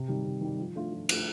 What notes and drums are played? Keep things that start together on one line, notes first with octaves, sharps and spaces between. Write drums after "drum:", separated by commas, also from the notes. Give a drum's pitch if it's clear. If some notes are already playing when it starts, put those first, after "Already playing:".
Already playing: C3
D#3 G3
C3
D#3 G3
F3
A3 D4 F4
F3
A3 D4 F4, drum: cymbal